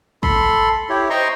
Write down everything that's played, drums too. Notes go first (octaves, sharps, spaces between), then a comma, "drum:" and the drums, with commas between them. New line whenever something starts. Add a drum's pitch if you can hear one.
A4 B5 C6, drum: kick
E4 G4 C#5
C5 D#5 G5 A#5 C6 C#6